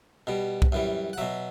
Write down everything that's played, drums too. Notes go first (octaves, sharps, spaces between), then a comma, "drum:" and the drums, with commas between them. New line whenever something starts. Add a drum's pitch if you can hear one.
B2 G3
drum: kick C2
F#2 E3 G3
F#5
B2 F#3 E5